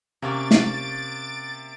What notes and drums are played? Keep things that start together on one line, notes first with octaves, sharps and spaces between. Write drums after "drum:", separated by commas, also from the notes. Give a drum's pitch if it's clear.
C3 A#3 C#4 D5 A6 D7
drum: snare